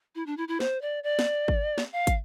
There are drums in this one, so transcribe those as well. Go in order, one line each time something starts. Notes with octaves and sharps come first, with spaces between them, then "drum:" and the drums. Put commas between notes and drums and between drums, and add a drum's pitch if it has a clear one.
E4
D4
E4
E4
C5, drum: snare
D5
D5
drum: snare
drum: kick
drum: snare
F5
drum: kick, hi-hat